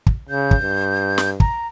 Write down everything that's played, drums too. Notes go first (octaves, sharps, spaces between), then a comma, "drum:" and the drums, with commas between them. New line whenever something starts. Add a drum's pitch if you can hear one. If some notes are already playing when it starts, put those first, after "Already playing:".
drum: kick
C#3 G6
drum: kick
G2
drum: snare
A#5, drum: kick